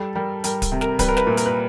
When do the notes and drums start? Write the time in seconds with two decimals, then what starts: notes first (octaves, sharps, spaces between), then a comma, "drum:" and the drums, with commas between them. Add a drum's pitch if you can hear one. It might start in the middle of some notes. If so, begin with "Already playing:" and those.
Already playing: G3 A4
0.15 G3 A#4
0.44 G3 A#4, drum: hi-hat
0.62 drum: kick D1, hi-hat
0.72 C3
0.81 A#4, drum: snare
0.99 G3 B4, drum: kick D1, hi-hat
1.08 A#4
1.17 B4, drum: snare
1.27 A#2
1.37 A#4, drum: hi-hat
1.46 B4